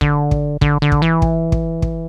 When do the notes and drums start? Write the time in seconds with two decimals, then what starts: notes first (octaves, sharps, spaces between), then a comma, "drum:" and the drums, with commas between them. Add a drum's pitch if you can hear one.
0.01 D3, drum: kick
0.31 drum: kick
0.61 D3, drum: kick
0.82 D3
0.92 drum: kick
1.02 E3
1.22 drum: kick
1.52 drum: kick
1.82 drum: kick